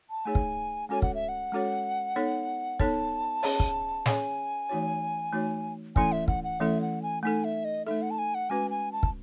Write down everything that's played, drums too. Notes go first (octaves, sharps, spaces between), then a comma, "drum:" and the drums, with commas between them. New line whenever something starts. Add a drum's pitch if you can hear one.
A5
A3 D#4 G#4 C#5 G#5
drum: kick
G#3 C#4 F#4 A4 C#5 G#5
F#5, drum: kick
E5
F#5
G#3 C#4 F#4 A4 C#5
B3 D#4 A4 C#5
B3 D#4 A4 C#5 A5, drum: kick
C#4 G#4 C#5, drum: open hi-hat
drum: kick
C#4 G#4 C#5 G#5, drum: snare
E3 A3 D#4 F#4 C#5
E3 A3 D#4 F#4 C#5
E3 A3 C#4 E4 A4 G#5, drum: kick
E5
F#5, drum: kick
F#5
E3 A3 C#4 E4 A4 E5
F#5
G#5
A3 D#4 A4 G#5
E5
D#5
A3 D#4 A4 E5
F#5
A5
G#5
F#5
G#3 C#4 F#4 B4 G#5
G#5
A5
drum: kick